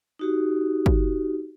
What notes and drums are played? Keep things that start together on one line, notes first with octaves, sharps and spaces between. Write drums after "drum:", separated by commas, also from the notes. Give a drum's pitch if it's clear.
D#4 F#4 G4
drum: kick